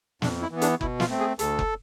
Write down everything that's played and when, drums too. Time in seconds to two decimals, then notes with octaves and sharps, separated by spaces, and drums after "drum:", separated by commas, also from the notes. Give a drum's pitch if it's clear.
0.22 F2 D4, drum: snare
0.42 E4
0.51 E3 B3
0.62 D4, drum: hi-hat
0.81 B2 E4, drum: kick F#1
1.00 F4, drum: snare
1.10 A3 C4
1.20 G#4
1.39 D2 A4, drum: hi-hat
1.59 drum: kick F#1